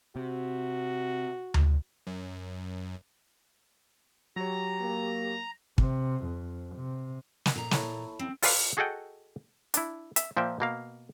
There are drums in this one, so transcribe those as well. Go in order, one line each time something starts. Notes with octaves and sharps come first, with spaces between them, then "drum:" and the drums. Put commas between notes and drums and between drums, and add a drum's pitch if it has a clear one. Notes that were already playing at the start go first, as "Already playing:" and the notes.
C3 F#4
drum: tom D2
F#2
F#3 G4 C#5 A#5
A#3
C3, drum: kick
F2
C3
drum: snare
A#2 A#5
E4 A4 C#5, drum: snare
C4
F4 A4 B4 D5 F5, drum: open hi-hat
F#4 G#4 A4 D#5 F#5 G5
D4 E4, drum: hi-hat
E5, drum: hi-hat
A#2 F3 A#3 E5 G5
B2 A#3 F5